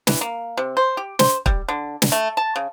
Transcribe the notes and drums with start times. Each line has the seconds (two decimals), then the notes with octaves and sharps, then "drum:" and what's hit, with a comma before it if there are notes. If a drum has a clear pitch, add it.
0.07 E3, drum: snare
0.21 A#3
0.57 C3
0.77 C5
0.97 G4
1.19 C5, drum: snare
1.46 G3, drum: kick
1.68 D3
2.02 drum: snare
2.12 A3
2.37 A5
2.56 C#3